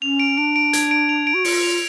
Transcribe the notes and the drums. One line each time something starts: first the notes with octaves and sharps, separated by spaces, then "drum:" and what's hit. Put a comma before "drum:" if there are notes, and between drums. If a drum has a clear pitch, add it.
C#4 F7
D7
D4 D7
D7
G#6, drum: hi-hat
D7
F7
D7
F#4
F4 C#7, drum: open hi-hat
F7